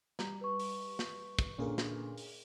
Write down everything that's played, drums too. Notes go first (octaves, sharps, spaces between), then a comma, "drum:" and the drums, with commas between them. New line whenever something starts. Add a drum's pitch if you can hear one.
G3 A#5, drum: snare
B4 C#6
drum: open hi-hat
drum: snare
drum: kick, hi-hat
A#2 D3 C#4 G#4 A#4
drum: snare
drum: open hi-hat